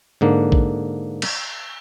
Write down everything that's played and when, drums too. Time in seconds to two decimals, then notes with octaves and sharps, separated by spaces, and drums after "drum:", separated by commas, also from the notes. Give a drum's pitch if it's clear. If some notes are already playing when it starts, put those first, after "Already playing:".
0.21 G#2 D3 A#3
0.52 drum: kick A#1
1.22 drum: cymbal